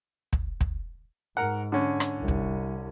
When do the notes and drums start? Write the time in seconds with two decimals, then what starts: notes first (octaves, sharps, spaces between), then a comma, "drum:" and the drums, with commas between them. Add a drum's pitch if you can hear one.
0.33 drum: kick
0.61 drum: kick
1.37 G#2 A#4 F#5
1.72 D3 C#4
2.00 drum: rim click
2.18 C2
2.28 drum: kick